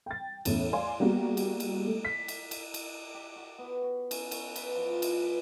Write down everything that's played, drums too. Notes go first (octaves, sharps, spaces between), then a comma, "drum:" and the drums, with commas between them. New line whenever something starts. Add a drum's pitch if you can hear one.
G5 A6
E2 A2 C#4, drum: cymbal
D5 F5 G#5 C6
G3 A#3 B3 F#4 G#4
drum: cymbal
drum: cymbal
A3
B6
drum: cymbal
drum: cymbal
drum: cymbal
G4
F#4
B3
F#4
C#4, drum: cymbal
C#5, drum: cymbal
B4, drum: cymbal
F3
F4
drum: cymbal
B4